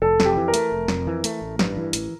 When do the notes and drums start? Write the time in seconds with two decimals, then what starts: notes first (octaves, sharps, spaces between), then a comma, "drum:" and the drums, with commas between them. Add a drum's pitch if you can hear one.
0.02 F1 A4
0.20 F2, drum: snare
0.25 G4
0.36 E3
0.48 A#4
0.54 A3, drum: hi-hat
0.72 F1
0.88 F2, drum: snare
1.07 E3
1.24 A3, drum: hi-hat
1.42 A1
1.59 G2, drum: snare
1.77 E3
1.93 A1, drum: hi-hat